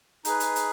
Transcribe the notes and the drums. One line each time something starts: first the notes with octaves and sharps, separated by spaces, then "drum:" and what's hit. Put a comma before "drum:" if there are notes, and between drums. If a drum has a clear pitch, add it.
D#4 G#4 B4, drum: hi-hat
drum: hi-hat
drum: hi-hat